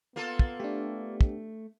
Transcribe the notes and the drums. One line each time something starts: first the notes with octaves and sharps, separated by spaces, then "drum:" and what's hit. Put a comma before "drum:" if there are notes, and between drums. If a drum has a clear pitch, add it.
A#3 B3 F4 A4
drum: kick
A3 D4 G4
drum: kick